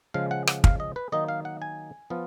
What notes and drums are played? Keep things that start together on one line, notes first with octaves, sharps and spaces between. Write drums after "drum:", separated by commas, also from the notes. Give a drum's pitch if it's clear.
C#3 F3 G#3 F5
F#5
F#5, drum: rim click
F5, drum: kick
D#5
B4
D#3 F#3 A#3 D#4 D#5
F5
F#5
G#5
F3 B3 F4